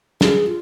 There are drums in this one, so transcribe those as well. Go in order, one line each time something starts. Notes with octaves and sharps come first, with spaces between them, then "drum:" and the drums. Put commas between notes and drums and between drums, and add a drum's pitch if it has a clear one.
G#4, drum: snare
F4